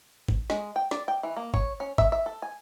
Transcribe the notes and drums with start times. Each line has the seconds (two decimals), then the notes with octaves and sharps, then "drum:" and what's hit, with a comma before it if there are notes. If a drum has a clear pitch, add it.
0.28 drum: kick
0.50 G#3, drum: snare
0.76 G5
0.91 D5, drum: snare
1.08 G5
1.23 E3
1.37 A#3
1.54 C#5, drum: kick
1.80 C#4
1.98 E5, drum: kick
2.12 E5
2.26 A4
2.42 G#5